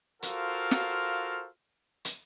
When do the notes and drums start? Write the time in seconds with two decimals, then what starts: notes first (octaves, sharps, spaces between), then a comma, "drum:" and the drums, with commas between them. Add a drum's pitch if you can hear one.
0.23 F4 F#4 A4 A#4 C5 F5, drum: hi-hat
0.71 drum: snare
2.05 drum: hi-hat